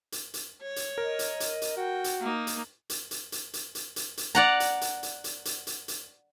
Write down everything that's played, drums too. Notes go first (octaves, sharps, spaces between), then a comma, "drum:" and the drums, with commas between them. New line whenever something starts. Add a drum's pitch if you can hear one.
drum: hi-hat
drum: hi-hat
C#5
drum: hi-hat
A#4 D#5
drum: hi-hat
drum: hi-hat
drum: hi-hat
F#4 G5
drum: hi-hat
A#3 D#4
drum: hi-hat
drum: hi-hat
drum: hi-hat
drum: hi-hat
drum: hi-hat
drum: hi-hat
drum: hi-hat
drum: hi-hat
D5 F#5 A#5
drum: hi-hat
drum: hi-hat
drum: hi-hat
drum: hi-hat
drum: hi-hat
drum: hi-hat
drum: hi-hat